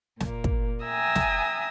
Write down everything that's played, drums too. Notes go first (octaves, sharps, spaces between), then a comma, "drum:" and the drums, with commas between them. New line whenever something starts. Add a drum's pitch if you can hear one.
A#2 A#3, drum: snare
drum: kick
E5 G5 G#5 A#5 D#6 E6
drum: snare